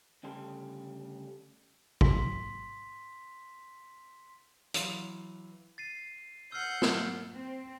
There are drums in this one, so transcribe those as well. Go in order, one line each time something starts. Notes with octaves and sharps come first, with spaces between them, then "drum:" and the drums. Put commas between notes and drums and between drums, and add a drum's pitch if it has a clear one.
D2 C#3 G3 A4 C6
C6 B6, drum: kick
E3 F#3 F5 C6 D#7 F7, drum: hi-hat
A6 C7 D#7
F#5 E6 F6 G6 C7
drum: snare
C4